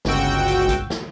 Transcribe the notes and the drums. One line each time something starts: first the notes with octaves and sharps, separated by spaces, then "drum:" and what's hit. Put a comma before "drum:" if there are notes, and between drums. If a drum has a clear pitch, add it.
G1 C#2 F#4 G5 E6, drum: snare
drum: hi-hat
drum: kick, hi-hat
drum: snare